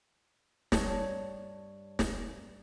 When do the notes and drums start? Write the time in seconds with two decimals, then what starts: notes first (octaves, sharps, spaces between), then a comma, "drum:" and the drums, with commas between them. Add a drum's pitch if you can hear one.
0.72 G2 C#5 A5, drum: snare
1.99 drum: snare